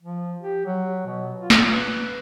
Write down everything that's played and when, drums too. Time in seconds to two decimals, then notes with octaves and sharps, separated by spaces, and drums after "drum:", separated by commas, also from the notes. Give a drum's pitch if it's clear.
0.03 F3
0.42 G4
0.66 F#3
1.06 B2
1.40 F4
1.50 drum: snare
1.68 B4